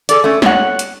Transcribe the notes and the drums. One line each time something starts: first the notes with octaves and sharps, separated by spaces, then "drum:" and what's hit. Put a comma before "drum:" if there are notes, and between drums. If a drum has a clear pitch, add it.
G#4 A4 D5, drum: hi-hat
A3 C#4
C#5 F#5, drum: snare
drum: hi-hat